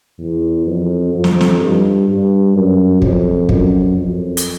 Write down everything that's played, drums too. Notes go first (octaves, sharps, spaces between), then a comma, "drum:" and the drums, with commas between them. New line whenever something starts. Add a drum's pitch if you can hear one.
E2
F2
F2
drum: snare
drum: snare
G2
G2
F#2
F2, drum: kick
F#2, drum: kick
F2
drum: hi-hat